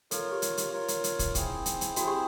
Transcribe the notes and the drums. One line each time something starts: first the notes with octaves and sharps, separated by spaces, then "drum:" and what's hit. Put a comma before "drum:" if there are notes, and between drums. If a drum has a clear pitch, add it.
F4 A4 A#4 C#5, drum: hi-hat
G4
drum: hi-hat
drum: hi-hat
F4 A#4 C#5
drum: hi-hat
drum: hi-hat
drum: kick, hi-hat
C4 E4 G#4 C5, drum: kick, hi-hat
drum: hi-hat
drum: hi-hat
C4 E4 F#4 G#4 C5, drum: hi-hat
G4